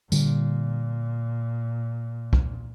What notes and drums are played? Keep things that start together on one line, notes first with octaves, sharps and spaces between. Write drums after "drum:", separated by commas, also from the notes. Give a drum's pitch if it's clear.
A#2 D3 G3, drum: tambourine
drum: kick